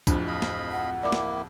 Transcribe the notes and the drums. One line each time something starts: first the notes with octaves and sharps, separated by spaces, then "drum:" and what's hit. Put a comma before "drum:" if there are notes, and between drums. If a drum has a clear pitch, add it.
D1 F2 D4, drum: kick, tambourine
D#5 F5 B5
drum: snare
F#5
A#3 E4 D5 D6
drum: snare